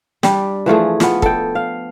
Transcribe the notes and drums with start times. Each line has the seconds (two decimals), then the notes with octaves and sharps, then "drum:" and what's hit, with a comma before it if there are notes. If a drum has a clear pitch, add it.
0.23 G3 D4 G4, drum: snare
0.66 E3 F3 A3 G#4
1.00 F3 B3, drum: snare
1.22 A4 G5, drum: kick
1.55 F5